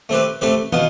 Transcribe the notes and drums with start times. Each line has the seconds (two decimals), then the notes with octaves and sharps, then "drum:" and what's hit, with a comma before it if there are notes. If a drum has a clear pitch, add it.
0.09 A3 C4 G4 B4
0.41 A3 C4 G4 B4
0.72 B2 B3 F4, drum: tom